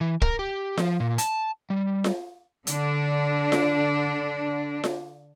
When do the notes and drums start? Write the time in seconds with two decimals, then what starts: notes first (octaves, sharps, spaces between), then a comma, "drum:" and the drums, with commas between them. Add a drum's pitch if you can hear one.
0.01 E3
0.22 A#4, drum: kick
0.39 G4
0.77 F3, drum: snare F4
1.00 A#2
1.18 A5, drum: hi-hat
1.70 G3
2.04 drum: snare F4
2.67 D3 D4, drum: hi-hat
3.52 drum: snare F4
4.84 drum: snare F4